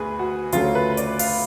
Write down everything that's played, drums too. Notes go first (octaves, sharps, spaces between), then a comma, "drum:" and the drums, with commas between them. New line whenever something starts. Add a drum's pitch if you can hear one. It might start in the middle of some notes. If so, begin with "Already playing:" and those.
Already playing: D2 G#4 B4
F#4
D2 C#3 F#3 A3 F4, drum: hi-hat
B4
D5, drum: hi-hat
F5, drum: open hi-hat